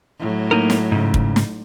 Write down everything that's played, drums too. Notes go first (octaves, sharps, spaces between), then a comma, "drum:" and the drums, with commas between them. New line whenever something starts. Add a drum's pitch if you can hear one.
A2 F#3
A#3 D#4 A#4
drum: snare
G#2 C#3
drum: kick
drum: snare